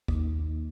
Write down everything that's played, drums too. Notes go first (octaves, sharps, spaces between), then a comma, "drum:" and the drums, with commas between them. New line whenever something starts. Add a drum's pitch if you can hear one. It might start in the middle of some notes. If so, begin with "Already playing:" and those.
D#2, drum: kick